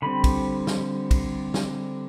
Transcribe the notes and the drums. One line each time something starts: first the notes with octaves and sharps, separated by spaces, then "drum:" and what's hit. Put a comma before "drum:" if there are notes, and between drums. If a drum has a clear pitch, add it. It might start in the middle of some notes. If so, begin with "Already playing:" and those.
D3 G3 C4 B5
drum: kick, cymbal
drum: snare
drum: kick, cymbal
drum: snare